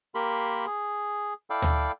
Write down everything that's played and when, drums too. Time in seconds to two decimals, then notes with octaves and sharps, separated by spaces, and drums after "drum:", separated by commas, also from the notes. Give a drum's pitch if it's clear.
0.15 A#3 G4 A#4 B5 C6
0.67 G#4
1.50 E4 A4 D5 F5 G5
1.62 drum: tom